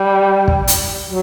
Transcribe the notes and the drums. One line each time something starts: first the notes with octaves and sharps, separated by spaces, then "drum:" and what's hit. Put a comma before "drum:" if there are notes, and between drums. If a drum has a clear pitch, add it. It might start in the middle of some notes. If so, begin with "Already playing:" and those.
Already playing: G3
drum: kick
drum: hi-hat
F#3